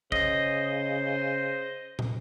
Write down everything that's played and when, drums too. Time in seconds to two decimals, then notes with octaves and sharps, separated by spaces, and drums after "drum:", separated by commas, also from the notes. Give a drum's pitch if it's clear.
0.12 C#3 C5 D#5, drum: kick
1.99 drum: tom